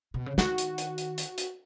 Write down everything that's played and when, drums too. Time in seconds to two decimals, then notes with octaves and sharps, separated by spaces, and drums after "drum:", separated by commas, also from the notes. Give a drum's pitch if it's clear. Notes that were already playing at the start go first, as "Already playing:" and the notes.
0.14 B2
0.26 C#3
0.38 D#3 F#4, drum: snare
0.58 drum: hi-hat
0.78 drum: hi-hat
0.98 drum: hi-hat
1.18 drum: hi-hat
1.38 drum: hi-hat